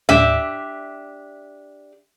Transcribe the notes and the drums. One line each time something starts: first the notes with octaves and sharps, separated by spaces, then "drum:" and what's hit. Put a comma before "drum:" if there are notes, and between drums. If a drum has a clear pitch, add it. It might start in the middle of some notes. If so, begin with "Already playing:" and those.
D4 G4 E5, drum: tom